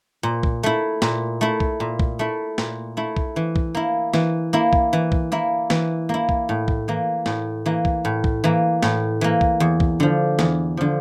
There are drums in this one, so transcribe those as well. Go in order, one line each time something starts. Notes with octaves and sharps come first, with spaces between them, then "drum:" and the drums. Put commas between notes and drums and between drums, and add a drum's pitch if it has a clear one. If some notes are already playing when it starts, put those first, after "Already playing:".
A#2
drum: kick B1
A3 E4
A#2, drum: snare
A3 E4
drum: kick B1
A#2
drum: kick B1
A3 E4
A#2, drum: snare
A3 E4
drum: kick B1
E3
drum: kick B1
A#3 E4
E3, drum: snare
A#3 E4
drum: kick B1
E3
drum: kick B1
A#3 E4
E3, drum: snare
A#3 E4
drum: kick B1
A2
drum: kick B1
E3 A#3
A2, drum: snare
E3 A#3
drum: kick B1
A2
drum: kick B1
E3 A#3
A2, drum: snare
E3 A#3
drum: kick B1
E2
drum: kick B1
D3 F3
E2, drum: snare
D3 F3